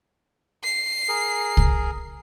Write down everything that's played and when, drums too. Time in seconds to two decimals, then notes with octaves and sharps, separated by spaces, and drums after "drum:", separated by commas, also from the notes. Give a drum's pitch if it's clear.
0.64 C7
1.08 G#4 A#4
1.57 drum: kick C2